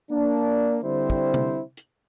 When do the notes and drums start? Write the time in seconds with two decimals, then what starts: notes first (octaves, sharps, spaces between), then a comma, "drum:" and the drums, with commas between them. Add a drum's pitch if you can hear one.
0.11 A#3 D4
0.84 D3 G3 C4 E4 C5
1.10 drum: kick
1.34 drum: tom C3
1.77 drum: hi-hat